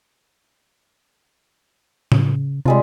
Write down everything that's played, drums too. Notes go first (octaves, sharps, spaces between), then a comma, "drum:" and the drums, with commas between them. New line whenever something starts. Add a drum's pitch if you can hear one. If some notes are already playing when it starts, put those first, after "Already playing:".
C#3, drum: tom A2
C3 G3 G#3 F4